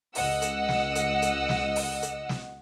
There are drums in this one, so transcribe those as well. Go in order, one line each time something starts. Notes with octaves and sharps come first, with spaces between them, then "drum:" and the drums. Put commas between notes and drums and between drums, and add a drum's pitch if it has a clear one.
C#2 D#5 F#5 E6, drum: open hi-hat
drum: hi-hat
drum: snare
drum: hi-hat
drum: hi-hat
drum: snare
drum: open hi-hat
drum: hi-hat
drum: snare